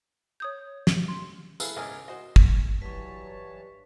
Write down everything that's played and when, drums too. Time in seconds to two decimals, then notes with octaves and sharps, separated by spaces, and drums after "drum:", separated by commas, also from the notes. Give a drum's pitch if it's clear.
0.40 C#5 D#6 G6
0.87 drum: snare
1.08 C6
1.60 E4 G#4 A4 B4 E5 F5, drum: tambourine
1.76 C#2 G#2 A#4 D#5 G#5 F6
2.08 F#4 C5 D#5
2.36 drum: kick
2.82 G2 E3 F#3 C#5 A5 C#6 B6